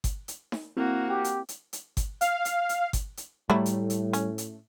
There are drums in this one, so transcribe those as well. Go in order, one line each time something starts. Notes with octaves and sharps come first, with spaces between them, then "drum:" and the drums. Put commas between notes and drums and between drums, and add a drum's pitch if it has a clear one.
drum: kick G1, hi-hat
drum: hi-hat
drum: snare D#4
A#3 C4 E4 F#4
G4
drum: hi-hat
drum: hi-hat
drum: hi-hat
drum: kick G1, hi-hat
F5, drum: hi-hat
drum: hi-hat
drum: hi-hat
drum: kick G1, hi-hat
drum: hi-hat
A2 F#3 G3 A3 E4
drum: hi-hat
drum: hi-hat
C#4, drum: hi-hat
drum: hi-hat